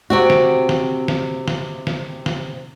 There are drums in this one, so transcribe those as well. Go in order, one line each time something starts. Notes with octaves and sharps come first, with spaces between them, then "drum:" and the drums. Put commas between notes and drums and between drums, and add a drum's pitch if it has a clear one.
C3 C4 F#4
drum: snare
drum: snare
drum: snare
drum: snare
drum: snare
drum: snare